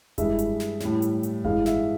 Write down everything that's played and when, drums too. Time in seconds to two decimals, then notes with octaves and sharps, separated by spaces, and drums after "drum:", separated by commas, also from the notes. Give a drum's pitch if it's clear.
0.18 G2 E3 G#3 E5, drum: kick F1, hi-hat
0.39 drum: hi-hat
0.60 drum: snare
0.80 A2 E3 G3, drum: snare
1.02 drum: hi-hat
1.23 drum: hi-hat
1.45 G2 E3 G#3 F5, drum: kick F1
1.66 E5, drum: snare